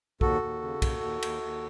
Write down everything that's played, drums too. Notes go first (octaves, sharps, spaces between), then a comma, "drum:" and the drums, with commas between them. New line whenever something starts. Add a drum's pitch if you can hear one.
D#2 F#4 A4, drum: kick
D#2
C#3
D#2, drum: kick, cymbal
D#2
D#2, drum: cymbal
D#2